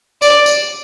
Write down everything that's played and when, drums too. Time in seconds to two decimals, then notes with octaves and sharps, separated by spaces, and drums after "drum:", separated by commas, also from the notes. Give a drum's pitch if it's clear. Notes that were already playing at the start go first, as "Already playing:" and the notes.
0.22 D5, drum: tambourine
0.46 drum: tambourine